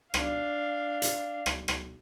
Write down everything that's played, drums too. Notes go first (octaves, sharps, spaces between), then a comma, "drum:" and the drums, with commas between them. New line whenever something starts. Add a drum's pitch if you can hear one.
D4 F5, drum: rim click
drum: hi-hat
drum: rim click
drum: rim click